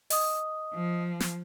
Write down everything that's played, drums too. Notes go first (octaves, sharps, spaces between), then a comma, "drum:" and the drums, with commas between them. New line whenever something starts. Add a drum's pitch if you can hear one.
D#5 D#6, drum: open hi-hat
F3
drum: snare